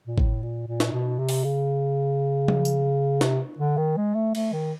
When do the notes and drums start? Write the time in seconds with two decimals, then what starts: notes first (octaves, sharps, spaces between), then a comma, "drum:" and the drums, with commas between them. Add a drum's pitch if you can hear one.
0.07 A#2
0.18 A2, drum: kick G#1
0.43 A#2
0.67 A#2
0.80 drum: snare
0.93 B2
1.19 C3
1.29 drum: open hi-hat
1.44 C#3
2.48 drum: tom F3
2.65 drum: tambourine
3.21 C3, drum: snare
3.58 D3
3.77 D#3
3.97 G#3
4.15 A3
4.35 A3, drum: cymbal
4.53 D#3